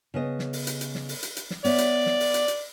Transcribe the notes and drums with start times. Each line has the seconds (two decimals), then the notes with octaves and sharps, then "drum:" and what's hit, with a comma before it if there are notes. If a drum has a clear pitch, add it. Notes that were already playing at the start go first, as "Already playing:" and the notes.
0.14 C#3 B3 D#5
0.39 drum: snare
0.53 drum: open hi-hat
0.67 drum: hi-hat
0.81 drum: hi-hat
0.95 drum: snare
1.09 drum: open hi-hat
1.23 drum: hi-hat
1.37 drum: hi-hat
1.50 drum: snare
1.64 B3 C#5 D5 E5, drum: open hi-hat
1.78 drum: hi-hat
2.06 drum: snare
2.20 drum: open hi-hat
2.34 drum: hi-hat
2.48 drum: hi-hat